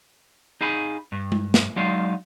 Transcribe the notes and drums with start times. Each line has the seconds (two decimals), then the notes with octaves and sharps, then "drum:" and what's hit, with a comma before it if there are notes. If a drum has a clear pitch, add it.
0.61 D#4 G#4 F5 G#5 B5
1.12 G2
1.32 drum: tom G#3
1.54 drum: snare
1.76 F#3 G#3 D#4 D5 F5 C6